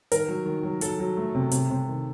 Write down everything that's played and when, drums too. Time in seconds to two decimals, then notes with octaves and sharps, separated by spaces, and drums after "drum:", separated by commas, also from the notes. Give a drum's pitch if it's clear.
0.12 D#3 A#4, drum: hi-hat
0.28 F#3
0.46 D#3
0.63 F#3
0.81 F#3 A4, drum: hi-hat
1.00 F#3
1.17 A3
1.35 C3
1.51 C3, drum: hi-hat
1.70 C3
1.88 D#3